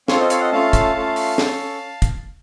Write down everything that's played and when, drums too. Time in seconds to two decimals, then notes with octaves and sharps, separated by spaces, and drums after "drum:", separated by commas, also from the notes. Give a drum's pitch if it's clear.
0.08 C4 F4 A4 C#5 F5, drum: snare
0.20 C5 D#5
0.30 C#5 F5, drum: hi-hat
0.41 D#5 F#5
0.52 A3 C#4 F4 A4 F5 A5
0.73 drum: kick, hi-hat
0.95 A3 C#4 F4 A4
1.16 drum: open hi-hat
1.38 C#4 A4, drum: snare
2.02 drum: kick, hi-hat